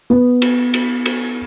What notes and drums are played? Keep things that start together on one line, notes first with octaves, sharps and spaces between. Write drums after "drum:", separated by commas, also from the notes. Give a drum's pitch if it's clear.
B3
drum: cymbal
drum: cymbal
drum: cymbal